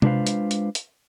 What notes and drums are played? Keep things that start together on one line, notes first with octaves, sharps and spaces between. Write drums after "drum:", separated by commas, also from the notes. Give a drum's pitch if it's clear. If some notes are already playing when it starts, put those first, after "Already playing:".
G#3 D4 F4 B4 C5 F5, drum: tom C3
drum: hi-hat
drum: hi-hat
drum: hi-hat